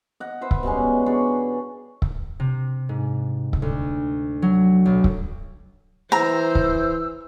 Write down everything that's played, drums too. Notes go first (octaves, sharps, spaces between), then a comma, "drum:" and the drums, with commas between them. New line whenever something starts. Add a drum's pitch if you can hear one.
D#5 F#5
B4 C5 E5
drum: kick C#1
B2 G3 G#3 C#4
D4 G#4 C#5
drum: kick C#1
C3
G#2
drum: kick C#1
D2
F#3
B1
drum: kick C#1
E3 C5 A#5 E6
drum: kick C#1